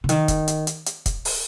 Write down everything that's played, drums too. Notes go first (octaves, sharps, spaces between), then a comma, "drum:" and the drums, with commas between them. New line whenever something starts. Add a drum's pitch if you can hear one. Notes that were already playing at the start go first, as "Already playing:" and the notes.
C#3
D#3, drum: hi-hat
drum: kick, hi-hat
drum: hi-hat
drum: hi-hat
drum: hi-hat
drum: kick, hi-hat
drum: open hi-hat